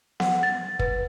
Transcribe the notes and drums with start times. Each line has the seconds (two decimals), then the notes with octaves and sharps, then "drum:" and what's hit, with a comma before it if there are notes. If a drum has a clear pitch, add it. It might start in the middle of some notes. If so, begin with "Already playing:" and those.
0.20 F#5, drum: snare B3
0.43 A6
0.79 B4, drum: kick